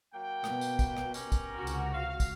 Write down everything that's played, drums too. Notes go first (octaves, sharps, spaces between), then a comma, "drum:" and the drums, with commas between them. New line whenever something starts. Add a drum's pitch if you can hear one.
F#3 A#3 G5
B2, drum: rim click
drum: tambourine
drum: kick, tambourine
drum: rim click
C#4 G4 A#4, drum: tambourine
drum: kick, tambourine
C#2 C3 F#4
drum: tambourine
F5
drum: kick, tambourine